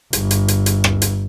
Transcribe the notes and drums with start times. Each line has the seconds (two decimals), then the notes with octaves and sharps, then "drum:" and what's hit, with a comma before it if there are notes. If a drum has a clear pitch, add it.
0.13 G1, drum: hi-hat
0.31 drum: hi-hat
0.48 drum: hi-hat
0.66 drum: hi-hat
0.84 drum: rim click
1.02 drum: hi-hat